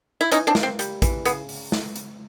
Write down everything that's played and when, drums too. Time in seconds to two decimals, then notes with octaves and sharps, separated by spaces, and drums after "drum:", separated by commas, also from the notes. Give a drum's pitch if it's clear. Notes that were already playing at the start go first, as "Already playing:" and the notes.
0.21 E4
0.32 E3 C#4 D#4, drum: hi-hat
0.47 C4 D4
0.55 A#3, drum: snare
0.63 C4
0.79 G3, drum: hi-hat
1.02 E3, drum: kick, hi-hat
1.25 C#3 B3, drum: hi-hat
1.49 drum: open hi-hat
1.72 drum: snare
1.96 drum: hi-hat